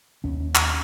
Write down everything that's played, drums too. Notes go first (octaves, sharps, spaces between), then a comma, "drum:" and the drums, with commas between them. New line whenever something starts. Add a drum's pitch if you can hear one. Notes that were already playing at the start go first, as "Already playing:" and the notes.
D#2 C#4
drum: clap